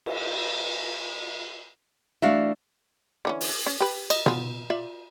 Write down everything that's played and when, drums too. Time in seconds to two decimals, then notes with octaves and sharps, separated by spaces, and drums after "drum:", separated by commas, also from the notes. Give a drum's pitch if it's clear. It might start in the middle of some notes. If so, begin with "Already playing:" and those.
0.06 drum: cymbal
2.22 E3 A3 D4 F#4 D5 E5 F5
3.25 D3 E3 C#4
3.41 drum: open hi-hat
3.66 C#4
3.80 G4 B4
4.10 D#5, drum: cymbal
4.26 B3 F4, drum: tom B2
4.70 F4 D5 E5